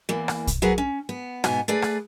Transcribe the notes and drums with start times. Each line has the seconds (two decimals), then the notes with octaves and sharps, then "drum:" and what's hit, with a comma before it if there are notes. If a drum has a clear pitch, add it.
0.09 E2 E3 A#3
0.28 drum: rim click
0.47 drum: kick, hi-hat
0.62 F#3 G#4 A#4 B4 F#5
0.78 C#4
1.09 B3
1.44 G#2 B2 B3 G#5, drum: rim click
1.68 A3 G#4 B4 D5
1.82 drum: rim click